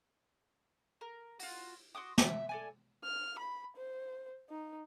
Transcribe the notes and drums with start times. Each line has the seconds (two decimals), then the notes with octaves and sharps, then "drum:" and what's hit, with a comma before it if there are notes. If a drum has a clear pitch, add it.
1.01 A#4
1.39 F4 F#4, drum: open hi-hat
1.95 F#4 C6 D6 D#6
2.18 E5, drum: snare
2.49 A4 D5 G#5
3.04 F6
3.38 B5
3.77 C5
4.50 D#4